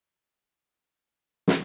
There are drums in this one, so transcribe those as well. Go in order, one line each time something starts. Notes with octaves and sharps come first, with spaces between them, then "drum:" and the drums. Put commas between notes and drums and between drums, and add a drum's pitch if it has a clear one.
C#4 B4 F5 E6
drum: snare